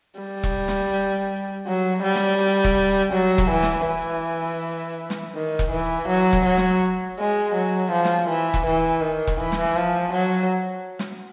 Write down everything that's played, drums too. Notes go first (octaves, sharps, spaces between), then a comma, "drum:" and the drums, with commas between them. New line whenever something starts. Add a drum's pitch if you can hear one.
G3
drum: kick E1
drum: snare
F#3
G3
drum: snare
drum: kick E1
F#3
drum: kick E1
E3
drum: snare
E3
drum: snare
D#3
drum: kick E1
E3
F#3
drum: kick E1
F#3
drum: snare
G#3
F#3
F3
drum: snare
E3
drum: kick E1
E3
D#3
drum: kick E1
E3
drum: snare
F3
F#3
drum: snare